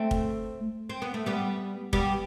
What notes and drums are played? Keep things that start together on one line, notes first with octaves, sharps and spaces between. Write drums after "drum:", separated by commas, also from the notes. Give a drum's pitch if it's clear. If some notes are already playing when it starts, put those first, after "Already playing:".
Already playing: A3 C4
drum: kick
C4
B3
A3
G3 B3
G3 B3, drum: kick